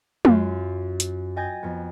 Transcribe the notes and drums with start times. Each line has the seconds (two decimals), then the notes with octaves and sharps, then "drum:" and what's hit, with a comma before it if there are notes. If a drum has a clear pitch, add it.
0.25 F#2 F4, drum: tom
1.00 drum: hi-hat
1.36 D#5 G5 G#5 G6 A6 A#6
1.63 F2 B3